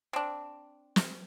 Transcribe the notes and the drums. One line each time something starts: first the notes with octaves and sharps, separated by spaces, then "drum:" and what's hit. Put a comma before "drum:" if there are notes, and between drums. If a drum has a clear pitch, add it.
C4 D4
drum: snare